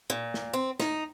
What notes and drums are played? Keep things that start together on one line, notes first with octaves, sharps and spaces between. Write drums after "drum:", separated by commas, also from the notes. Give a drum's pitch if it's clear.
A#2
drum: snare
C4
D#4, drum: snare